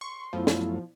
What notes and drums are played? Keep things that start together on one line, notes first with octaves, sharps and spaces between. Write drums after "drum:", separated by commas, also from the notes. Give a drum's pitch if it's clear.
C6 C#6
F#2 F3 A3 B3 E4 F4
drum: snare